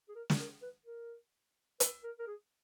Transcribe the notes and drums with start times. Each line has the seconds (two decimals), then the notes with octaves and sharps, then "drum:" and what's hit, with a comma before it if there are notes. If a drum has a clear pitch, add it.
0.09 G#4
0.15 A#4
0.30 drum: snare
0.40 A#4
0.62 B4
0.86 A#4
1.80 B4, drum: hi-hat
2.04 A#4
2.19 A#4
2.27 G#4